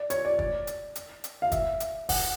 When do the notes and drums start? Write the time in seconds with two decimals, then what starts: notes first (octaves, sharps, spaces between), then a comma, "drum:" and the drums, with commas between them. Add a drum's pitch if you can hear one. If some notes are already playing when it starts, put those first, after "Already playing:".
Already playing: D5
0.10 C#5, drum: hi-hat
0.25 D5
0.39 D5, drum: kick
0.67 drum: hi-hat
0.95 drum: hi-hat
1.24 drum: hi-hat
1.42 F5
1.52 E5, drum: kick, hi-hat
1.80 drum: hi-hat
2.09 F#5, drum: kick, open hi-hat